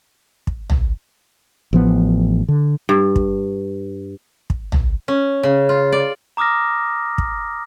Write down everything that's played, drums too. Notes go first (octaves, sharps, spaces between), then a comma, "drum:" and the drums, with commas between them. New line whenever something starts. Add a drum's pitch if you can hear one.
drum: kick
drum: tom
A1 F3 B3
D3
G2
drum: kick
drum: kick
drum: tom
C#4
C#3
F4
D5
A#5 D6 D#6 F6 A#6
drum: kick